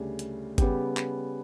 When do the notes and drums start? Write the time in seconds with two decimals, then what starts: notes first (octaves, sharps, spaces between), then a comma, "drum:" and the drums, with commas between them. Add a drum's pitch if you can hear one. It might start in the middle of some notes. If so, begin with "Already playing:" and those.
Already playing: D2 C#3 G3 D4
0.19 drum: hi-hat
0.58 C#3 G3 B3 G4, drum: kick G1, hi-hat
0.97 drum: clap